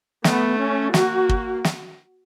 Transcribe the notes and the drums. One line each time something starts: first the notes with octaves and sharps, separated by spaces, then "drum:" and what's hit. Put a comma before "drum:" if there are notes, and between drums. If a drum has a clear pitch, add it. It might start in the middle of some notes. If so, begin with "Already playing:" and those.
A3 B3, drum: snare
C#4
A#3 F#4, drum: snare
drum: kick
drum: snare